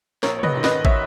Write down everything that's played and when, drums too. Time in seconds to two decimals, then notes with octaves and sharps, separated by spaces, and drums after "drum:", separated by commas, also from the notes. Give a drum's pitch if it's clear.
0.23 A#1 A#4 C#5, drum: snare
0.39 C#5
0.43 B4 D#5, drum: tom
0.54 G#2 D#3
0.64 B4 D#5, drum: snare
0.85 C#5 E5, drum: kick